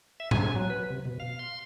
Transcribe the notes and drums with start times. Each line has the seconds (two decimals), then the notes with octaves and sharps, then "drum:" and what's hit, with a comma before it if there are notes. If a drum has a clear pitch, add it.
0.20 E5
0.31 G#5, drum: tom A2
0.56 F#3
0.70 B4
0.90 C3
1.05 B2
1.20 F5
1.39 C6